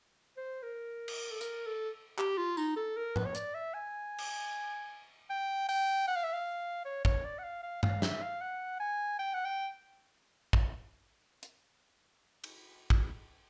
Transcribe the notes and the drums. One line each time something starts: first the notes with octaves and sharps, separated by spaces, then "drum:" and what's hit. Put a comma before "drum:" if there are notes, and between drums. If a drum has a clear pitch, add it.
C5
A#4
drum: cymbal
A4
A#4, drum: hi-hat
A4
G4, drum: clap
F4
D#4, drum: tambourine
A4
A#4
B4, drum: tom G#2
C#5
D5, drum: hi-hat
E5
G#5
drum: cymbal
G5
G5, drum: open hi-hat
F#5
F5
E5
F5
C#5
C#5, drum: kick
D5
F#5
F5
F5
F5, drum: tom G2
E5, drum: snare
F5
F#5
G#5
G5
F#5
G5
drum: kick
drum: hi-hat
drum: cymbal
drum: kick